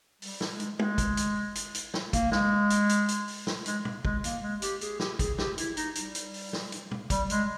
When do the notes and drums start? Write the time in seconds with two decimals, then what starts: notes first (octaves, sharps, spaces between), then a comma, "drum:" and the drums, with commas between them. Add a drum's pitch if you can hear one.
0.22 G3, drum: open hi-hat
0.41 drum: snare
0.50 G#3
0.60 drum: hi-hat
0.79 G#3, drum: tom G#3
0.98 drum: kick, hi-hat
1.17 drum: hi-hat
1.55 drum: hi-hat
1.75 drum: hi-hat
1.94 drum: snare
2.13 A#3, drum: kick, hi-hat
2.32 G#3, drum: snare
2.70 drum: hi-hat
2.89 drum: hi-hat
3.09 drum: hi-hat
3.28 drum: open hi-hat
3.47 drum: snare
3.66 G#3, drum: hi-hat
3.85 drum: tom
4.05 G#3, drum: kick
4.24 A#3, drum: hi-hat
4.42 G#3
4.62 G4, drum: hi-hat
4.81 G#4, drum: hi-hat
4.99 G4, drum: snare
5.19 G#4, drum: kick, hi-hat
5.38 G4, drum: snare
5.58 E4, drum: hi-hat
5.77 D#4, drum: hi-hat
5.95 G3, drum: hi-hat
6.15 drum: hi-hat
6.34 drum: open hi-hat
6.53 drum: snare
6.72 drum: hi-hat
6.91 drum: tom
7.10 G3, drum: kick, hi-hat
7.30 G#3, drum: hi-hat